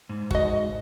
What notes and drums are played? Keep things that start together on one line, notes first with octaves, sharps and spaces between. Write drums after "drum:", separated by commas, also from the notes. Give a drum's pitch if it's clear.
G#2
F#4 D#5, drum: kick